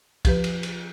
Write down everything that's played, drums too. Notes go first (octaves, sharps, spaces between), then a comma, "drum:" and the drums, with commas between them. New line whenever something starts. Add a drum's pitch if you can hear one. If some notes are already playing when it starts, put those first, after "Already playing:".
F3 G4 B4, drum: kick B1, cymbal
drum: cymbal
drum: cymbal